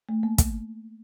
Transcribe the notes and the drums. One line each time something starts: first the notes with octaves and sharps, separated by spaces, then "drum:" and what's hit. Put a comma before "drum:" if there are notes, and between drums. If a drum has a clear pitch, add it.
A3
A#3
drum: kick, hi-hat